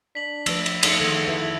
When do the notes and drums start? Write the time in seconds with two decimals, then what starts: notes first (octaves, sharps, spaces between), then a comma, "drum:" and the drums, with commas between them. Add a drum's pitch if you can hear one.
0.15 D4 B6 F#7
0.46 F3 A3 B4 E6 A#6, drum: cymbal
0.66 drum: cymbal
0.83 D4 D#4 G#4 A4 F#5, drum: cymbal
1.00 D3 D#3 A3 G#6 F#7
1.26 E4 B4 E5